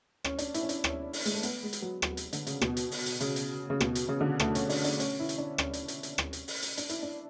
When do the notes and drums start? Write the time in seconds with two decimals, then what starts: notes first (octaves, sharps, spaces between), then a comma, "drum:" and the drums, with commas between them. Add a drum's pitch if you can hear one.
0.24 C#4, drum: rim click
0.38 D4, drum: hi-hat
0.54 E4, drum: hi-hat
0.63 C#4
0.69 D4, drum: hi-hat
0.84 C#4, drum: rim click
1.13 drum: open hi-hat
1.26 G#3, drum: hi-hat
1.34 A3
1.43 B3, drum: hi-hat
1.63 G#3
1.73 drum: hi-hat
1.82 F#3
2.02 F#3, drum: rim click
2.17 drum: hi-hat
2.33 D3, drum: hi-hat
2.47 C#3, drum: hi-hat
2.61 B2, drum: rim click
2.77 drum: hi-hat
2.91 drum: open hi-hat
3.06 drum: hi-hat
3.21 C#3, drum: hi-hat
3.36 drum: hi-hat
3.70 C#3
3.80 B2, drum: rim click
3.95 drum: hi-hat
4.09 C#3
4.21 D3
4.40 A3, drum: rim click
4.55 C#4, drum: hi-hat
4.69 D4, drum: open hi-hat
4.84 D4, drum: hi-hat
5.00 C#4, drum: hi-hat
5.20 E4
5.29 drum: hi-hat
5.38 D4
5.58 C#4, drum: rim click
5.73 drum: hi-hat
5.88 drum: hi-hat
6.03 drum: hi-hat
6.18 drum: rim click
6.33 drum: hi-hat
6.48 drum: open hi-hat
6.63 drum: hi-hat
6.77 D4, drum: hi-hat
6.89 E4, drum: hi-hat
7.03 D4